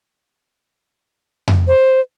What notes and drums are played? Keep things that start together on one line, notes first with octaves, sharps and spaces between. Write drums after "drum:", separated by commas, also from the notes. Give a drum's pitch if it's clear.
drum: tom F2
C5